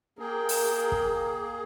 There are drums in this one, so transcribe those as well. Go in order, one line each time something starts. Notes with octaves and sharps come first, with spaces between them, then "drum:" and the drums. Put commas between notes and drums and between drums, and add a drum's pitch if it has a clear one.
A#3 G#4 A#4 G5
drum: open hi-hat
drum: kick